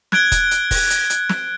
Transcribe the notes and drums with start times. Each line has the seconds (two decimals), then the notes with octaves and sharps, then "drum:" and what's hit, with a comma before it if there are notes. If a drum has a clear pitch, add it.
0.12 F#6 G#6 D7 G7, drum: snare
0.32 drum: kick, hi-hat
0.51 drum: hi-hat
0.71 drum: kick, open hi-hat
0.90 drum: hi-hat
1.10 drum: hi-hat
1.29 drum: snare